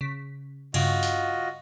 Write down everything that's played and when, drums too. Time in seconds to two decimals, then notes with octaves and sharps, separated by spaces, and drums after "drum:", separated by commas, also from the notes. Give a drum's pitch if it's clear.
0.01 C#3 B6
0.74 G2 C#3 F4 F#4 D#5, drum: cymbal
1.03 drum: open hi-hat